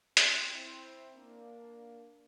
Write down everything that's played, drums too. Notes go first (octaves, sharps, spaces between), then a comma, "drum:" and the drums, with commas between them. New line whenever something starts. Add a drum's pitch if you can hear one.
C4 E4, drum: hi-hat
C4 E4
A#3 D4